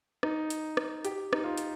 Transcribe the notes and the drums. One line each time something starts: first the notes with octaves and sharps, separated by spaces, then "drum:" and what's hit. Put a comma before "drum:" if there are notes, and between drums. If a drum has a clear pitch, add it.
D#4, drum: rim click
drum: hi-hat
drum: rim click
G4, drum: hi-hat
D#4, drum: rim click
F4
drum: hi-hat